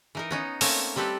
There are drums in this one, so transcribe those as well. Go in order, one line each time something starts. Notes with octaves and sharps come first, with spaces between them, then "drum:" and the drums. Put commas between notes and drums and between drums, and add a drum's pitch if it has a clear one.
E3 D#4 A#4
B3 C#4 D#4
A3 A#3 C4 C#4, drum: open hi-hat
G3 C4 G4 A4 B4